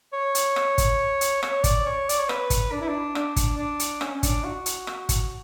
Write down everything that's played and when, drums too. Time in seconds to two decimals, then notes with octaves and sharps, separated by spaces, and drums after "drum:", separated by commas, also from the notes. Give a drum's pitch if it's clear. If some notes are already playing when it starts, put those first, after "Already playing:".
0.13 C#5
0.35 drum: hi-hat
0.56 drum: rim click
0.78 drum: kick, hi-hat
1.21 drum: hi-hat
1.43 C#5, drum: rim click
1.64 D5, drum: kick, hi-hat
1.86 C#5
2.09 D5, drum: hi-hat
2.19 C#5
2.29 B4, drum: rim click
2.50 drum: kick, hi-hat
2.72 D4
2.80 E4
2.88 D4
3.15 D4, drum: rim click
3.36 drum: kick, hi-hat
3.57 D4
3.79 drum: hi-hat
4.01 C#4, drum: rim click
4.15 C#4
4.23 D4, drum: kick, hi-hat
4.44 F#4
4.66 drum: hi-hat
4.87 drum: rim click
5.09 drum: kick, hi-hat